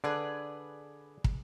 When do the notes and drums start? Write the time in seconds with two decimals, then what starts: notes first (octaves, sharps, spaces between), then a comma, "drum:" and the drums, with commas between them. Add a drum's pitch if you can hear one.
0.04 D3 G#4 B4 D5
1.24 drum: kick